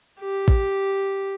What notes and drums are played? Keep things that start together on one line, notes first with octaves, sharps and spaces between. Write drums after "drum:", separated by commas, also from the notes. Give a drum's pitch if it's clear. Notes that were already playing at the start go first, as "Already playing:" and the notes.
G4
drum: kick